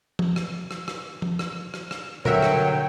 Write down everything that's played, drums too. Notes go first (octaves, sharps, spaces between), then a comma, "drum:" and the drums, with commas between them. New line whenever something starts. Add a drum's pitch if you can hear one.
drum: tom
drum: rim click
drum: rim click
drum: rim click
drum: tom
drum: rim click
drum: rim click
drum: rim click
G2 D3 F#3 A#4 C#5 E5 G5, drum: tom
drum: rim click